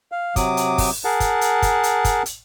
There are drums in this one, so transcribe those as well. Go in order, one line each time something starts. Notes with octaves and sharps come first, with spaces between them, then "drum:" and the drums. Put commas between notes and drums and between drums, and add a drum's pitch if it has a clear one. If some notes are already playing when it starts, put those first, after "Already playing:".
F5
C3 F#3 D6 D#6, drum: kick, hi-hat
drum: hi-hat
drum: kick, open hi-hat
G#4 A#4 F#5 A5
drum: kick, hi-hat
drum: hi-hat
drum: kick, hi-hat
drum: hi-hat
drum: kick, hi-hat
drum: hi-hat